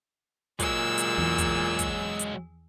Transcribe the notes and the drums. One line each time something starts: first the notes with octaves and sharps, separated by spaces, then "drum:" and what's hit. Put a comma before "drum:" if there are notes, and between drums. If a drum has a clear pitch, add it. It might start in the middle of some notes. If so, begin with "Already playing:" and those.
A#2 F#3 G#3 G#4 E6, drum: kick, hi-hat
drum: hi-hat
E2 E3
drum: kick, hi-hat
drum: kick, hi-hat
drum: hi-hat